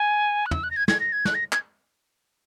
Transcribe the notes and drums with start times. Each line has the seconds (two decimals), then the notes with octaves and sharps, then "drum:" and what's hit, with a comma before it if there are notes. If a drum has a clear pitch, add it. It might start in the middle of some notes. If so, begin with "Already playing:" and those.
Already playing: G#5
0.46 F#6
0.51 E6, drum: tom
0.64 F#6
0.71 A#6
0.76 G#6
0.88 G#6, drum: snare
1.00 A#6
1.12 G#6
1.25 F#6, drum: snare
1.35 A#6
1.52 G#6, drum: clap